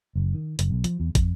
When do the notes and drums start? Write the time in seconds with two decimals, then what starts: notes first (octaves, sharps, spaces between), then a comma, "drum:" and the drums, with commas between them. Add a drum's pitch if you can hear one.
0.15 F#1
0.34 D#3
0.59 F#1, drum: hi-hat
0.71 B1
0.84 F3, drum: hi-hat
1.00 E2
1.15 F2, drum: kick, hi-hat